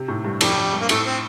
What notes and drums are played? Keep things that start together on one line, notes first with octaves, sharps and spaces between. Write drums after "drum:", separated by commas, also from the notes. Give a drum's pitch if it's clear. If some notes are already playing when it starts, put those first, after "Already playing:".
Already playing: C3
A2
G2
F2 G3, drum: cymbal
F2
G2
A#3
A2 A3, drum: cymbal
C4